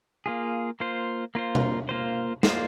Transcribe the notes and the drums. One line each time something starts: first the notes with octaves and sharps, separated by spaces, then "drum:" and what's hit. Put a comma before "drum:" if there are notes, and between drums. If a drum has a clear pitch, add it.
A#3 F4 G#4
A#3 F4 C5
A#3 F4 C5
drum: tom B2
A#3 F4 C5
A#3 F4 C5, drum: snare